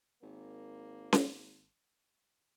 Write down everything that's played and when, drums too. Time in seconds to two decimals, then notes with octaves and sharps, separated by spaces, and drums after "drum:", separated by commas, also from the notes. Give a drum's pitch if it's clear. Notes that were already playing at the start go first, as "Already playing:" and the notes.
0.22 G#1 A#3
1.13 drum: snare C#4